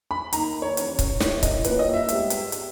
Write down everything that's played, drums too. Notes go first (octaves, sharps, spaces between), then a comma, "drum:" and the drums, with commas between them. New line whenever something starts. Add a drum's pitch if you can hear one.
B5
D#3 A#3 D#4 A#5, drum: hi-hat
C#5
E3 G3 C#4, drum: hi-hat
drum: kick C#1, hi-hat
D#3 G3 C#4 E4 C#5, drum: snare
D#5, drum: kick C#1, hi-hat
A#2 A#3 E4 G4 B4 C#5, drum: hi-hat
D#5
E5
G#2 G3 B3 G4, drum: hi-hat
drum: hi-hat
drum: hi-hat